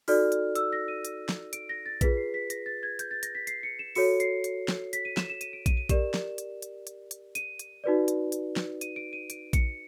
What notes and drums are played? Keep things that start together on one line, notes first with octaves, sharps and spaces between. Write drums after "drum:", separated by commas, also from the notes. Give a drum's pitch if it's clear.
D#4 F#4 A4 D5 F6, drum: open hi-hat
drum: hi-hat
E6, drum: hi-hat
A#6
D#7
drum: hi-hat
drum: snare
D7, drum: hi-hat
A#6
A6
F4 G#4 B4 B6, drum: kick A#1, hi-hat
C7
B6
A#6, drum: hi-hat
A6
G#6
G6, drum: hi-hat
A6
A#6, drum: hi-hat
B6
C7, drum: hi-hat
C#7
E7
F#4 A4 C#5 C#7, drum: open hi-hat
C7, drum: hi-hat
drum: hi-hat
drum: snare
B6, drum: hi-hat
D#7
E7, drum: snare
E7
D#7, drum: hi-hat
D7
D#7, drum: kick A#1, hi-hat
D#7
G4 A#4 D5 E7, drum: kick A#1, hi-hat
drum: snare
drum: hi-hat
drum: hi-hat
drum: hi-hat
drum: hi-hat
D#7, drum: hi-hat
drum: hi-hat
D#4 F#4 B4 D5
drum: hi-hat
drum: hi-hat
drum: snare
D#7, drum: hi-hat
D7
D#7
D7, drum: hi-hat
C#7, drum: kick A#1, hi-hat